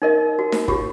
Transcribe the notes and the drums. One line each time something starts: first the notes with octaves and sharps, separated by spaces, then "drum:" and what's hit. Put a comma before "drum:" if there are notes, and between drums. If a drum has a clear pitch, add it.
D#4 A#4 D#5
F#4
drum: snare D#4
F4 G4, drum: kick